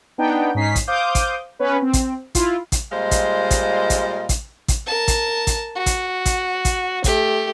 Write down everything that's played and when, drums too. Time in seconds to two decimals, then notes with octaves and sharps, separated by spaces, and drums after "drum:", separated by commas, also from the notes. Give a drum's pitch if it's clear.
0.18 B3 D4 D#4 G5
0.54 G#2 C#4 D#4 B6 C7
0.76 drum: kick, hi-hat
0.87 C5 F5 D6 D#6 G6
1.15 drum: kick, hi-hat
1.59 B3 C#4 B4
1.82 C4
1.93 drum: kick, hi-hat
2.35 E4 F4, drum: kick, hi-hat
2.72 drum: kick, hi-hat
2.92 A#2 G3 G#3 C5 D#5 F5
3.11 drum: kick, hi-hat
3.51 drum: kick, hi-hat
3.90 drum: kick, hi-hat
4.29 drum: kick, hi-hat
4.68 drum: kick, hi-hat
4.87 A#4 A5
5.08 drum: kick, hi-hat
5.47 drum: kick, hi-hat
5.75 F#4
5.86 drum: kick, hi-hat
6.26 drum: kick, hi-hat
6.65 drum: kick, hi-hat
7.04 A3 G4, drum: kick, hi-hat